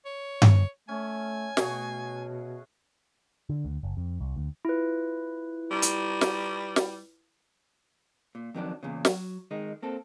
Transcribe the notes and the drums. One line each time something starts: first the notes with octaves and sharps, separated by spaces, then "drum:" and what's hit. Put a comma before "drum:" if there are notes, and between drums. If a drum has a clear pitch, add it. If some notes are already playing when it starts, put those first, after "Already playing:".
C#5
drum: tom G2
A3 C#4 G#5
B2 A3 F#4 G#4, drum: snare
D3
D2
F#1
F2
C2
D2
E4 F4 B4
G3
drum: hi-hat
drum: snare
drum: snare
A#2
F2 D#3 F#3 D4
E2 A#2 C#3
F#3, drum: snare
D#3 G#3 D#4
A#3 C4 A4